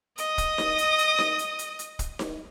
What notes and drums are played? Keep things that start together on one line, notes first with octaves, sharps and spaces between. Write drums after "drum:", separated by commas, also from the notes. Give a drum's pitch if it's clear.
D#5 D#6, drum: hi-hat
drum: kick, hi-hat
drum: snare D#4
drum: hi-hat
drum: hi-hat
drum: snare D#4
drum: hi-hat
drum: hi-hat
drum: hi-hat
drum: kick, hi-hat
drum: snare D#4